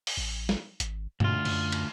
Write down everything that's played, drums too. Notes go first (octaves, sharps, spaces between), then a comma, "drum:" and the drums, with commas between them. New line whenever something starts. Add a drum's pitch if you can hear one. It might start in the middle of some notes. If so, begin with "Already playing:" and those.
drum: open hi-hat
A1
drum: snare
G#1, drum: hi-hat
D2 B2 F4, drum: tom G2
F#2, drum: cymbal
drum: cymbal